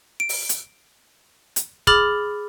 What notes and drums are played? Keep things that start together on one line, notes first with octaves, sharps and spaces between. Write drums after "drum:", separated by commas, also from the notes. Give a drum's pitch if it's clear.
D7
drum: open hi-hat
drum: hi-hat
drum: hi-hat
G#4 B5 D6 F6 A6 F#7, drum: kick